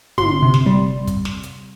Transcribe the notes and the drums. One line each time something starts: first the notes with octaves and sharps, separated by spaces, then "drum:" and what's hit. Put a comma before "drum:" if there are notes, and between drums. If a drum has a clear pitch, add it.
G1 C6, drum: tom
C3
drum: snare
G3
drum: kick, hi-hat
drum: snare
drum: hi-hat